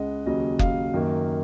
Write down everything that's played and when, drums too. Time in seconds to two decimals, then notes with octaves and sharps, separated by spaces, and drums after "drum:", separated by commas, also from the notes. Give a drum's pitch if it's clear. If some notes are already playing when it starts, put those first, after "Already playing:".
Already playing: C#2 C#3 G#3 D#5 F#5
0.26 D#2 C#3 F#3 D#5
0.59 F5, drum: kick F#1
0.94 F#2 D#3 A#3